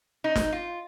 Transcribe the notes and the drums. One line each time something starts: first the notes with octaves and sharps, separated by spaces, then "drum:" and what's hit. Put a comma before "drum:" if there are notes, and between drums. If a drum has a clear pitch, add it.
D#4
drum: snare
F4